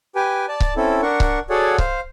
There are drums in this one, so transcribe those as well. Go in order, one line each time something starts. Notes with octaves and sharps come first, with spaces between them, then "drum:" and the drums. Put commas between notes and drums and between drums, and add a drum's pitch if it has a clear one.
G4 B4 G5 G#5
D5 A5
drum: kick C#1
C4 C#4 E4 A4
D4 A#4 F#5 C#6
drum: kick C#1
F#4 G#4 A4 C#5 D5 F#5
C5 F5, drum: kick C#1